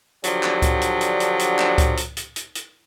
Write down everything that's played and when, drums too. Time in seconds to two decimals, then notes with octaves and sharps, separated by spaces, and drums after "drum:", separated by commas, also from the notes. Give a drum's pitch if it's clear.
0.24 D3 F3 F#3 D4 G4, drum: hi-hat
0.43 drum: clap
0.62 drum: kick C#2, hi-hat
0.81 drum: hi-hat
1.01 drum: hi-hat
1.20 drum: hi-hat
1.39 drum: hi-hat
1.59 drum: clap
1.78 drum: kick C#2, hi-hat
1.97 drum: hi-hat
2.17 drum: hi-hat
2.36 drum: hi-hat
2.55 drum: hi-hat